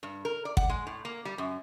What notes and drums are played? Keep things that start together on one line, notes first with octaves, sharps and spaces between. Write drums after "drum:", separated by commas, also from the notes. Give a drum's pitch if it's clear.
G2
A#4
D5
F#5, drum: kick
G#3
A2
A#3
G3
F#2